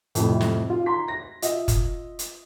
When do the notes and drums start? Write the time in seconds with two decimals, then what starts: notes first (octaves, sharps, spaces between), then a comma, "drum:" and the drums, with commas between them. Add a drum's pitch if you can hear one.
0.15 F2 A2 C3, drum: hi-hat
0.41 drum: snare
0.70 F4
0.86 A#5 C6 B6
1.08 A#6
1.42 F4 D#5 E5, drum: hi-hat
1.68 drum: kick, hi-hat
2.19 drum: hi-hat